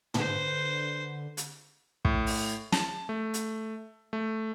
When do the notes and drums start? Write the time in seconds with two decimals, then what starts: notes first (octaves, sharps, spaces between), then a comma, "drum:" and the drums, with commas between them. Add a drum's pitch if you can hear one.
0.14 D3 B4 C5, drum: tom
1.37 drum: hi-hat
2.05 A2, drum: kick
2.27 drum: open hi-hat
2.72 A5, drum: snare
3.09 A3
3.34 drum: hi-hat
4.13 A3